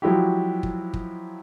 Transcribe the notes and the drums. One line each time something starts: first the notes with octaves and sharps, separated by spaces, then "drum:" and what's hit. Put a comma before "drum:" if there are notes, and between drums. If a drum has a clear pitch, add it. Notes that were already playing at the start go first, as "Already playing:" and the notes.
F3 F#3 G#3 E4 F#4 G4
drum: kick
drum: kick